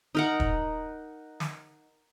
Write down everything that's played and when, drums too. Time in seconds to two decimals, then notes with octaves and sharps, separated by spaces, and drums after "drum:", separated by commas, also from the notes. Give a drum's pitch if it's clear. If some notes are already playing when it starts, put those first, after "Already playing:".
0.15 D#4 A#4 F#5
0.40 drum: kick
1.40 drum: snare